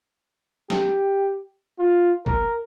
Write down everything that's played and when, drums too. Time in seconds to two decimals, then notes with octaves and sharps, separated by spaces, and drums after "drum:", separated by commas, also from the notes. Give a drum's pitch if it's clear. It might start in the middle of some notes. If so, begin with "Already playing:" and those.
0.70 G4, drum: snare
1.79 F4
2.26 A#4, drum: kick